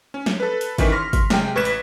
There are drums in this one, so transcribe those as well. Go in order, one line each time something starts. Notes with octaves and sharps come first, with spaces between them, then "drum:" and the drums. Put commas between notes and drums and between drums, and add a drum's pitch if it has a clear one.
C#4
drum: snare
A4 B4
drum: hi-hat
A1 D#3 E3 C#4 B6, drum: kick, hi-hat
C6 C#6 F6 A#6
drum: kick, hi-hat
C3 G#3 G5, drum: snare
A1 B4 C#6 G#6 B6 E7
drum: hi-hat